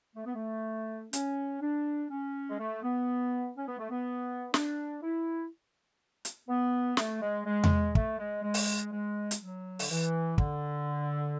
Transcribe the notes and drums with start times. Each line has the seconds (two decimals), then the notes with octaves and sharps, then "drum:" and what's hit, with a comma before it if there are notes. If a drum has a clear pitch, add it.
0.16 A3
0.26 B3
0.35 A3
1.13 C#4, drum: hi-hat
1.62 D4
2.10 C#4
2.49 G#3
2.59 A3
2.83 B3
3.57 C#4
3.68 B3
3.78 A3
3.90 B3
4.54 D4, drum: snare
5.02 E4
6.25 drum: hi-hat
6.49 B3
6.97 A3, drum: snare
7.21 G#3
7.46 G#3
7.64 drum: tom E2
7.95 A3, drum: kick
8.19 G#3
8.43 G#3
8.54 drum: open hi-hat
8.92 G#3
9.31 drum: hi-hat
9.40 F#3
9.79 D3, drum: open hi-hat
9.89 E3
10.38 D3, drum: kick